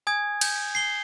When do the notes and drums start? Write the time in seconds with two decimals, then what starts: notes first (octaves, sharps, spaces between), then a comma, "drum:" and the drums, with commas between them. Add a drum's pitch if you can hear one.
0.07 G#5 D#6 G#6
0.41 G6, drum: cymbal
0.75 C7 G7